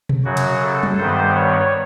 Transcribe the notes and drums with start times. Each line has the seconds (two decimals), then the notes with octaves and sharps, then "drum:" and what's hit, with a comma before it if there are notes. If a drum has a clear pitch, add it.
0.09 drum: tom B2
0.24 F#2 C#3 F#3 F#4
0.37 drum: cymbal
0.61 A4
0.83 drum: tom F#3
0.98 G2 D#3 G3 B3 C5
1.35 C#5